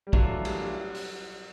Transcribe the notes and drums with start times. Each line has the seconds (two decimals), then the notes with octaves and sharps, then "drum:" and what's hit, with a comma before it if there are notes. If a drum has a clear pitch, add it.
0.07 G3
0.13 E3 F#3 A3 D4 F4, drum: kick
0.45 G3, drum: cymbal
0.95 drum: open hi-hat